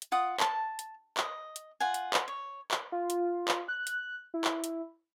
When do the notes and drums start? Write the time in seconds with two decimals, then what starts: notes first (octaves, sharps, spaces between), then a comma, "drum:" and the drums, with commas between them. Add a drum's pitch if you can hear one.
0.02 drum: hi-hat
0.12 F4 F#5 D#6
0.40 A5, drum: clap
0.79 drum: hi-hat
1.17 D#5, drum: clap
1.56 drum: hi-hat
1.80 F4 F#5 G#5
1.94 drum: hi-hat
2.14 drum: clap
2.28 C#5
2.71 drum: clap
2.92 F4
3.10 drum: hi-hat
3.48 drum: clap
3.68 F#6
3.87 drum: hi-hat
4.34 E4
4.44 drum: clap
4.64 drum: hi-hat